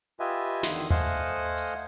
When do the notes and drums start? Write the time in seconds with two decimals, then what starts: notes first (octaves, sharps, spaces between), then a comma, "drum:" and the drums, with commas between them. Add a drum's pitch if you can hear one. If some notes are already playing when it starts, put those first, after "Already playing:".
0.20 F4 G4 B4 D#5 E5 G#5
0.63 E2 D3 D#3 C6 D#6, drum: snare
0.90 A3 C5 D#5 F5 F#5 G#5, drum: tom D#2
1.57 drum: hi-hat